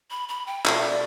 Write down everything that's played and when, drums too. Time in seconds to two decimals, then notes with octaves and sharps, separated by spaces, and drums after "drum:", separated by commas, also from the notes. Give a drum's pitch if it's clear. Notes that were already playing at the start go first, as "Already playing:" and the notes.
0.11 B5
0.29 B5
0.47 G5
0.66 B2 G3 D4 F#4 A4 E5, drum: clap
0.90 D5